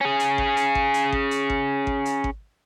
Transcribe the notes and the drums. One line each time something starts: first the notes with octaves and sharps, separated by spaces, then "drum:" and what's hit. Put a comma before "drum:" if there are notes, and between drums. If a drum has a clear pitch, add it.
C#4 G#4
drum: hi-hat
drum: kick G#1
drum: hi-hat
drum: kick G#1
drum: hi-hat
drum: kick G#1
drum: hi-hat
drum: kick G#1
drum: kick G#1
drum: hi-hat
drum: kick G#1